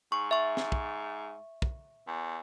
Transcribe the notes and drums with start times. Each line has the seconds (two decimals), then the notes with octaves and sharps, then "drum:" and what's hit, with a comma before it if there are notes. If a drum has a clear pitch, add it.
0.12 G#2 C#6
0.31 E5 C#6
0.57 drum: snare
0.72 drum: kick
1.62 drum: kick
2.07 E2